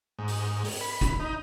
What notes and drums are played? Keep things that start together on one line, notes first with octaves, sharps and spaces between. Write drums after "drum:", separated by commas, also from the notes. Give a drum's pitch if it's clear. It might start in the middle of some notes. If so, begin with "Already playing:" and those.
G#2
drum: open hi-hat
drum: open hi-hat
B5
drum: kick, hi-hat
D#4